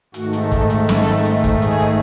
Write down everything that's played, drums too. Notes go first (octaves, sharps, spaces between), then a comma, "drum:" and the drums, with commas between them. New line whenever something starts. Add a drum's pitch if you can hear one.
G#2 D#3 A3 F#4, drum: hi-hat
drum: hi-hat
A4, drum: kick, hi-hat
drum: hi-hat
A4, drum: snare
drum: hi-hat
drum: hi-hat
drum: kick, hi-hat
G#4, drum: hi-hat
drum: hi-hat